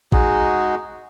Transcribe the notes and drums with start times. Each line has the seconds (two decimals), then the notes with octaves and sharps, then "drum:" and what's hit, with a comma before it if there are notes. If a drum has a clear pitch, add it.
0.12 G#3 D#4 F#4 G#4, drum: kick A1